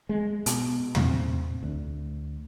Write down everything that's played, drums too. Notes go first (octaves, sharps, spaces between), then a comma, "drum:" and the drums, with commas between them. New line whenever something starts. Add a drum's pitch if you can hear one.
G#3
B2, drum: hi-hat
C3, drum: tom
D2